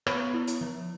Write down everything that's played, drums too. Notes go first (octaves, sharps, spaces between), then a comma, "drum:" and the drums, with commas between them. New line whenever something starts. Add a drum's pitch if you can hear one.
B3 B4 C#5, drum: rim click
E4
drum: hi-hat
F3